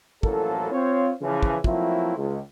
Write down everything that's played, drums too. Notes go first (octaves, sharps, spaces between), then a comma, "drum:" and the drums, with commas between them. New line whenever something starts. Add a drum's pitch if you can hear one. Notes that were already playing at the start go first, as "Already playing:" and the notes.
A1 F#2 F3 A#3 E4 A4, drum: kick
C4 F4 C5 C#5
C#3 E3 F3 C#4
drum: kick
F3 F#3 A3 A#3 C4 E4, drum: kick
C#2